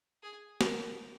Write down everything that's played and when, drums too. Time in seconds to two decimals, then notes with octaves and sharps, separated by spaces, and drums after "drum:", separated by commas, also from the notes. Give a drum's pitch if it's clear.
0.23 G#4
0.61 A#4, drum: snare